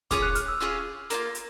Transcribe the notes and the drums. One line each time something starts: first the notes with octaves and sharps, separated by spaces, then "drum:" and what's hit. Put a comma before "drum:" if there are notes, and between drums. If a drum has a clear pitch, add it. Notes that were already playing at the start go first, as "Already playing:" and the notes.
C#4 F4 G#4 C#5 D6, drum: kick, hi-hat
F#6
F6, drum: hi-hat
E6
C#4 F4 G#4 C#5
A#3 D4 F4, drum: hi-hat
drum: hi-hat